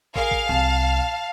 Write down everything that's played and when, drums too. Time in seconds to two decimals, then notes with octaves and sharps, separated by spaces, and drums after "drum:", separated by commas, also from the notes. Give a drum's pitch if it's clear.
0.16 G#4 A#4 F5, drum: kick
0.31 drum: kick
0.49 C2 A5